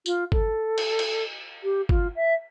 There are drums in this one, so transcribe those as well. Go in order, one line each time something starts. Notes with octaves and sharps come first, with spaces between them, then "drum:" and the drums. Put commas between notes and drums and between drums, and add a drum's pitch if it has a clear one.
F4, drum: tambourine
A4, drum: kick
drum: cymbal
drum: cymbal
G4
F4, drum: kick
E5